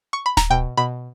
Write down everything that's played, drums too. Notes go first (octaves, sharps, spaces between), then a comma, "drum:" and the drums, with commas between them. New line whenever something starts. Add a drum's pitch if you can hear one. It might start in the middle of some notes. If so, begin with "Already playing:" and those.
C#6
B5
A#5, drum: snare D1
B2 G5
B2 B5